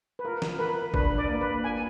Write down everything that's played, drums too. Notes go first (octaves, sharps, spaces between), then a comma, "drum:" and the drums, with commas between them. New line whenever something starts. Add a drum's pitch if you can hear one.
B4
F4 A#4
drum: snare
A#4 B4
D4 B4, drum: kick
D5
A#3
B4
F4 G#5